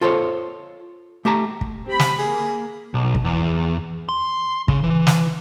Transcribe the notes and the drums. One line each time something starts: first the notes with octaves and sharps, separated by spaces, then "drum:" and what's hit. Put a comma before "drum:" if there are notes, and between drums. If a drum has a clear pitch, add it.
F4 A4 C5 C#5
A3 G4 A5 A#5
drum: kick
C4 G4 B5
drum: snare
A#3 G#4
B1
drum: kick
E2
C6
C#3, drum: kick
E3
drum: snare